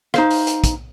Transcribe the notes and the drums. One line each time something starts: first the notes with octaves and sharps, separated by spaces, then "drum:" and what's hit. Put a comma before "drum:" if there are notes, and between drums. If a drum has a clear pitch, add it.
D#4 C5 F5, drum: rim click
drum: open hi-hat
drum: hi-hat
drum: kick, hi-hat